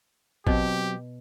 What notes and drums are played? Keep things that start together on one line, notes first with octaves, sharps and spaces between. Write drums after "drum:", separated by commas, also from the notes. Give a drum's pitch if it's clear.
B2 F#3 C4 G4, drum: kick A1